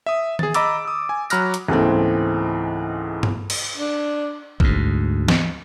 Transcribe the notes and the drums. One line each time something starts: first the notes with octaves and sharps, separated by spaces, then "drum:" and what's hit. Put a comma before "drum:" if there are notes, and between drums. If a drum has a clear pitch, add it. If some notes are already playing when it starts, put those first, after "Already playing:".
E5 D#6
G#4 A6, drum: tom D#3
D#5 A#5 B5 D6 E6 A6, drum: hi-hat
D#6 E6
G#5
F#3 A#5 B5 F6 F#6 A#6, drum: tambourine
drum: hi-hat
C#2 G#2 E3 A3 B3 C4
drum: tom G2
drum: cymbal
D4
D2 G#2, drum: kick A1
drum: snare